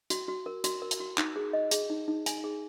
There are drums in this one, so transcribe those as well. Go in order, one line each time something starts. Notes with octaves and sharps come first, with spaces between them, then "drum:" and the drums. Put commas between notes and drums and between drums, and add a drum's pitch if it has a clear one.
F#4, drum: hi-hat
F#4
A#4
F#4, drum: hi-hat
A#4
drum: hi-hat
F#4
D#4, drum: clap
G#4
D#5
G#4, drum: hi-hat
D#4
D#4
G#5, drum: hi-hat
G#4